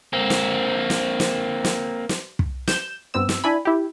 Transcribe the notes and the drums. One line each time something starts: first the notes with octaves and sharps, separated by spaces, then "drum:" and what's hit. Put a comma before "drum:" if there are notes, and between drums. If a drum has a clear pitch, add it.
A#3 C4
drum: snare
drum: snare
drum: snare
drum: snare
drum: snare
drum: kick
G6 E7, drum: snare
G2 B3 C4 E6
drum: snare
D4 E4 G#5 B5
E4 G4